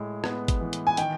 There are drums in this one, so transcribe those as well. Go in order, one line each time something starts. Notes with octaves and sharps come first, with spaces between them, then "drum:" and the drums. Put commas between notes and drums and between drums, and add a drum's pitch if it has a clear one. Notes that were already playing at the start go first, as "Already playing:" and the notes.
Already playing: A2 G#3
B3, drum: rim click
drum: kick G#1, hi-hat
E3
drum: hi-hat
G#5
D#3 G5, drum: hi-hat